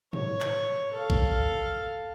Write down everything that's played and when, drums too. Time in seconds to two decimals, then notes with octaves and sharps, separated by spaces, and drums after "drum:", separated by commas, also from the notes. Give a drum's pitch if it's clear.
0.13 C#5, drum: tom
0.41 drum: clap
0.94 A4 F5
1.10 drum: kick A#1